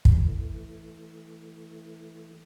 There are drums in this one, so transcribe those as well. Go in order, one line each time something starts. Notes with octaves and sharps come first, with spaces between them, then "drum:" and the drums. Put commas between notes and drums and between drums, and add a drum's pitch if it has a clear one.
drum: kick
E3 A3